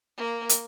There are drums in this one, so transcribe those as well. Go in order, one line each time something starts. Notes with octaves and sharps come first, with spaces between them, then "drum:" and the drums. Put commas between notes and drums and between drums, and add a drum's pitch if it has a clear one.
A#3
drum: hi-hat